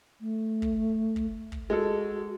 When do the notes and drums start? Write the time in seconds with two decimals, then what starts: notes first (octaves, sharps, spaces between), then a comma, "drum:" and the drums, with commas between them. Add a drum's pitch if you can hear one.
0.21 A3
0.62 drum: kick
1.16 drum: kick
1.52 drum: kick
1.70 G#3 F#4 A4